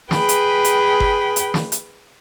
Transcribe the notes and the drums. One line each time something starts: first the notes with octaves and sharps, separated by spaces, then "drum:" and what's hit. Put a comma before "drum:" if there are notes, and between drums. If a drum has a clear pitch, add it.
G#4 B4 G5 B5, drum: snare
drum: hi-hat
drum: hi-hat
drum: kick G1
drum: hi-hat
drum: snare
drum: hi-hat